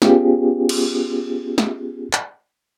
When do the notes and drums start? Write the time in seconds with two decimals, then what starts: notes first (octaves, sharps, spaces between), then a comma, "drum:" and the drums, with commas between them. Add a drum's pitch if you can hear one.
0.02 B3 C#4 F4 G4 G#4, drum: snare
0.69 drum: cymbal
1.58 drum: snare
2.13 drum: clap